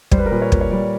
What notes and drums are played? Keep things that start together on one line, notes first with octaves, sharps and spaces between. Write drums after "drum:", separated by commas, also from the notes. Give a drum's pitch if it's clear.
G3 C5, drum: kick
B4
A#4
A#2 B4
C#5
A#2, drum: kick
C#5
G3 D5